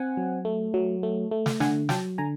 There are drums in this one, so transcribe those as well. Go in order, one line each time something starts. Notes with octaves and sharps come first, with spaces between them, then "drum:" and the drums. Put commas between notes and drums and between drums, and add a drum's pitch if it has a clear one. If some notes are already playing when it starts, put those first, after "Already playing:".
Already playing: C4 F#5 G#5
F#3
A3
F#3
A3
A3
drum: snare
D3 F#5 G#5, drum: snare
F#3 G5 A5, drum: snare
D3 G#5 A#5